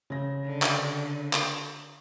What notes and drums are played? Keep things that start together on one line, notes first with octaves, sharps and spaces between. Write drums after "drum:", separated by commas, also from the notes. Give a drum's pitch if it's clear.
C#3 A#6
D3
drum: clap
drum: clap